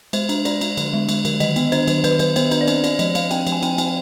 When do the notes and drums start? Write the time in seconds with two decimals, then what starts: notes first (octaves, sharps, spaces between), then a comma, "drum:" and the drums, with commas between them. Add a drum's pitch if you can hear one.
0.13 G#3 C5, drum: cymbal
0.29 D4, drum: cymbal
0.45 D4 D5, drum: cymbal
0.61 D4, drum: cymbal
0.77 D3, drum: cymbal
0.93 G#3
1.09 G#3, drum: cymbal
1.25 D3, drum: cymbal
1.40 D#3 D#5, drum: cymbal
1.56 B3, drum: cymbal
1.72 D4 C5, drum: cymbal
1.88 D#3, drum: cymbal
2.04 D#3 B4, drum: cymbal
2.19 D#3 B4, drum: cymbal
2.36 B3 C5, drum: cymbal
2.51 D4 B4, drum: cymbal
2.61 D5
2.68 C4 C5, drum: cymbal
2.84 C4 D5, drum: cymbal
2.99 F3 D#5, drum: cymbal
3.15 F3 F5, drum: cymbal
3.31 C4 G5, drum: cymbal
3.47 F3, drum: cymbal
3.52 G#5
3.63 C4 G5, drum: cymbal
3.78 C4, drum: cymbal